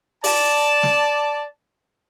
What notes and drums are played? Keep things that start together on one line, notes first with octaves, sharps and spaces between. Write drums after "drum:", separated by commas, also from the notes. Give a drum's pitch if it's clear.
D5 A5, drum: open hi-hat
drum: snare